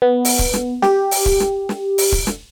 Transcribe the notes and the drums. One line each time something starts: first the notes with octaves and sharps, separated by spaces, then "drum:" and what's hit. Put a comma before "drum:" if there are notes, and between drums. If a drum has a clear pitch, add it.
B3
drum: open hi-hat
drum: kick
drum: snare
G4, drum: snare
drum: open hi-hat
drum: kick
drum: snare
drum: snare
drum: open hi-hat
drum: kick
drum: snare